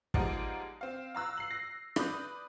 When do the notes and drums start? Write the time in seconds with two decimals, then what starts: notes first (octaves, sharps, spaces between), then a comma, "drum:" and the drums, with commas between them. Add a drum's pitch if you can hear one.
0.14 F3 G3 G#3 A#3 B3 D#4, drum: kick
0.81 C4 F5
1.15 F5 A#5 E6 F#6
1.38 C7 F#7
1.51 A#6 C7
1.96 B4 D5 B5 D#6 G6, drum: rim click